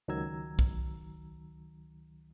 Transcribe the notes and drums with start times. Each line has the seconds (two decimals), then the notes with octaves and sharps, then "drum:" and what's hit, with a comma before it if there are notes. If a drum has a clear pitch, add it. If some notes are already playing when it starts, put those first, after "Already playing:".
0.08 C#2 D#3 F#3 A#5 E6 G#6
0.59 drum: kick B1